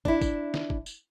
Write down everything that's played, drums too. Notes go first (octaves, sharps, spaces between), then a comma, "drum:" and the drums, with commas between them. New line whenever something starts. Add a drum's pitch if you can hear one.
D4 E4, drum: kick
drum: kick, tambourine
drum: snare
drum: kick
drum: tambourine